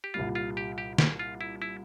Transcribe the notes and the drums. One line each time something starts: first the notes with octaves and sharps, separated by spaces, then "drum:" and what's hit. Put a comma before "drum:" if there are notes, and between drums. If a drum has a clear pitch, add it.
G4
C2 A#2 G3 F4
F4
G4
G4
G4, drum: snare
F4
E4
E4